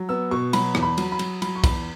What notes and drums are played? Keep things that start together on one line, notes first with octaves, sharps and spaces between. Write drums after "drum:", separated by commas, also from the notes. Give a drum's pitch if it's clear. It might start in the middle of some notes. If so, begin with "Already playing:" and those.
Already playing: F#3
B3 E6
B2 C#6
F#3 B5, drum: cymbal
E2, drum: rim click
B5
F#3, drum: cymbal
B5
F#3, drum: cymbal
F#3 B5, drum: cymbal
C#6
E2 B5, drum: kick, cymbal